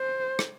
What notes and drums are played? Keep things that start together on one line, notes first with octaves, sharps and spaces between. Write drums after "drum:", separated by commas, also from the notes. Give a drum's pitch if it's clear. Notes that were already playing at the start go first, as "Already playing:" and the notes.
Already playing: C5
drum: rim click